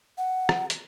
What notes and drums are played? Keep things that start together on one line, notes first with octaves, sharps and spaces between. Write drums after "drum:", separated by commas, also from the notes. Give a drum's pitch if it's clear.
F#5
drum: rim click
drum: hi-hat